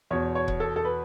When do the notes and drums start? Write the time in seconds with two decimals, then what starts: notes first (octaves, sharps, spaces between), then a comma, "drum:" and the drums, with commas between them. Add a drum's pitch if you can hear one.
0.11 E2 B2 C#5
0.35 C#5
0.48 drum: kick C#1
0.60 A4
0.76 A4
0.85 B4